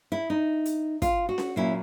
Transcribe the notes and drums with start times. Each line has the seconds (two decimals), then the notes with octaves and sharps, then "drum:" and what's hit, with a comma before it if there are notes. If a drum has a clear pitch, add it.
0.12 E4
0.30 D#4
0.65 drum: hi-hat
1.02 F4, drum: kick, hi-hat
1.29 F#4
1.38 drum: snare C#4
1.56 A#2 F#3 A#3 C#4 E4